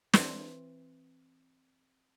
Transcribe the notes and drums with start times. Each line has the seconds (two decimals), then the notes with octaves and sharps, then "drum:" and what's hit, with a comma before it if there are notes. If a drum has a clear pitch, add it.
0.13 E3 C4, drum: snare